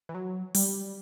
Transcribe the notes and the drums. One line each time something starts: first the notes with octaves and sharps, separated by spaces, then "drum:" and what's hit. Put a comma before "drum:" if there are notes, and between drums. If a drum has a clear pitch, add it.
E3
F#3
G3, drum: open hi-hat